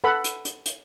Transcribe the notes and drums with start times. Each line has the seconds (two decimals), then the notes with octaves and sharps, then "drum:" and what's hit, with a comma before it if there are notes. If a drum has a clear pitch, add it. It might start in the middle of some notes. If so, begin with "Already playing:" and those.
0.04 A4 B4 F#5 B5
0.24 drum: hi-hat
0.45 drum: hi-hat
0.66 drum: hi-hat